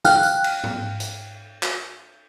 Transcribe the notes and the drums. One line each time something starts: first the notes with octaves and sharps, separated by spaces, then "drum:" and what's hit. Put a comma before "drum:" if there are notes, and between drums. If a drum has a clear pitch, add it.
F5 G5 F6 F#6, drum: snare
drum: tambourine
drum: cymbal
drum: tom
drum: hi-hat
drum: clap